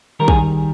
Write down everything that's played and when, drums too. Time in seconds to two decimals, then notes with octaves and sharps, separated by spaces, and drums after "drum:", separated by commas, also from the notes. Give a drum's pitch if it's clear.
0.20 D#3 G3 A#4
0.28 G#4, drum: kick